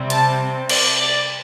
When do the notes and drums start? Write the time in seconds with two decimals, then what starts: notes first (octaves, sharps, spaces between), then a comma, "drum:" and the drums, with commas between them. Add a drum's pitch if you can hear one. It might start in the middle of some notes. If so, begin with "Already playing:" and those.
Already playing: C3 G3 C4
0.10 A5, drum: hi-hat
0.69 D5, drum: cymbal
0.98 D5